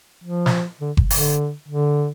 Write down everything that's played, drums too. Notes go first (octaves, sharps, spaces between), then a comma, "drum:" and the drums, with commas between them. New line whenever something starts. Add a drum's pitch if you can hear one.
F3
drum: snare
D3
drum: kick F#1
D3, drum: open hi-hat
D3